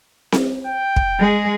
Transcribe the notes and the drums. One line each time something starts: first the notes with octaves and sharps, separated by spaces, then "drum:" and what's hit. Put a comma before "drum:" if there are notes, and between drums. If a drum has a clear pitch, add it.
drum: snare C4
G5
drum: kick
G#3 G#4